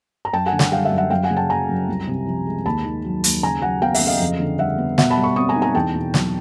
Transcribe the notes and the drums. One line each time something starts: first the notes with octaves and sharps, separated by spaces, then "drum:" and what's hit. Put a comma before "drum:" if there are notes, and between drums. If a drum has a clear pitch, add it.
A#5
F#2 G5 A5
F#5 G#5
D3
F#5 G#5, drum: snare
G3 F5 G5
E5 F#5
F#2
E5 F#5
F#2 F5 G5
F#5 G#5
C#3
G5 A5
F#3 G#5 A#5
F#2
C2
C3
F3
G#3
D#2 A5 B5
D#3
F#3
D#2, drum: hi-hat
C#3 G#5 A#5
F#3 F#5 G#5
B3 F5 G5
E5 F#5, drum: open hi-hat
C#3
D#5 F5
F2
D3
G3 E5 F#5
B3
B2 E5 F#5, drum: snare
A5 B5
G3
B5 C#6
C4 C#6 D#6
G#5 A#5
D#4
G#5 A#5
E2 G5 A5
B2
F#3, drum: snare